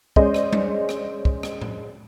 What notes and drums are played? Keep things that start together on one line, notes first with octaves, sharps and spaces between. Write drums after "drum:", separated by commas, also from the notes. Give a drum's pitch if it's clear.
G#3 C#4 C5 D5 D#5, drum: kick
drum: rim click
drum: tom G3
drum: rim click
drum: kick
drum: rim click
drum: tom A2